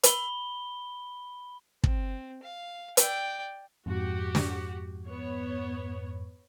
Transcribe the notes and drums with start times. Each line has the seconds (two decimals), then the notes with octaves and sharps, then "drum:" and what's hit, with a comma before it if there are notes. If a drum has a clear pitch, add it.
0.03 B5 G7, drum: hi-hat
1.84 C4, drum: kick
2.43 F5
2.97 D5 G5, drum: hi-hat
3.86 F2 G#2 F#4 G4
4.35 drum: snare
5.06 B3 C#5